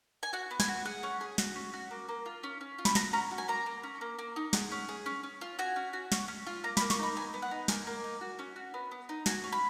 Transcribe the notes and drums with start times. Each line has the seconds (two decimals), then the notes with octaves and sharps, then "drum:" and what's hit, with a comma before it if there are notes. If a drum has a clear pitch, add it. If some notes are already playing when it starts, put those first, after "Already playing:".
0.23 G#5
0.33 F#4 F#5
0.51 B3
0.60 G#5, drum: snare
0.68 F#4
0.85 G#4 F#5
1.03 C#4
1.21 G#4
1.38 F#4, drum: snare
1.56 C#4
1.73 F#4
1.91 A#3
2.09 A#3
2.26 F4
2.43 C#4
2.61 C#4
2.78 F4
2.85 B5, drum: snare
2.95 F#4 A#5, drum: snare
3.13 C#4 A#5
3.31 F#4
3.38 G#5
3.48 A#3 A#5
3.66 A#3
3.83 C#4
4.01 A#3
4.19 A#3
4.36 D#4
4.53 G#4 F#5, drum: snare
4.72 C#4
4.89 G#4
5.06 C#4
5.23 C#4
5.41 F4
5.59 F#4 G#5
5.76 C#4
5.93 F#4
6.12 C#4, drum: snare
6.28 C#4
6.46 F4
6.64 A#3 A#5
6.77 B5, drum: snare
6.81 A#3
6.90 C#6, drum: snare
6.99 D#4 B5
7.16 B3 G#5
7.34 B3
7.42 F#5
7.51 D#4
7.68 A#3 G#5, drum: snare
7.87 A#3
8.04 D#4
8.21 F#4
8.39 C#4
8.56 F#4
8.74 B3
8.91 B3
9.09 D#4
9.26 F#4 G#5, drum: snare
9.44 C#4
9.52 B5